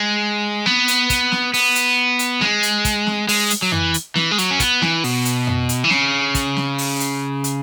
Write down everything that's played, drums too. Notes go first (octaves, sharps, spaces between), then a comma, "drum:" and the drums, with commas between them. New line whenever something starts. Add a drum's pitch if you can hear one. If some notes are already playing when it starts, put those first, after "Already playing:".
Already playing: G#3
B3, drum: snare
drum: hi-hat
drum: kick, hi-hat
drum: snare
B3, drum: open hi-hat
drum: hi-hat
drum: hi-hat
G#3, drum: snare
drum: hi-hat
drum: kick, hi-hat
drum: snare
G#3, drum: open hi-hat
drum: hi-hat
F#3
E3, drum: tom F2
drum: hi-hat
E3, drum: snare
G#3
F#3, drum: hi-hat
C#4
B3, drum: kick, hi-hat
E3, drum: snare
B2, drum: open hi-hat
drum: hi-hat
drum: tom F2
drum: hi-hat
E3
C#3, drum: snare
drum: kick, hi-hat
drum: snare
drum: open hi-hat
drum: hi-hat
drum: hi-hat